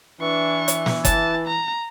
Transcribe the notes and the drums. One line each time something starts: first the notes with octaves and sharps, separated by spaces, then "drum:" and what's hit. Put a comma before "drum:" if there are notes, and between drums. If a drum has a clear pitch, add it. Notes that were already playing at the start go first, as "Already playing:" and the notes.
E3 D4 C#6
drum: hi-hat
drum: snare
A5, drum: kick F#1, hi-hat
A#5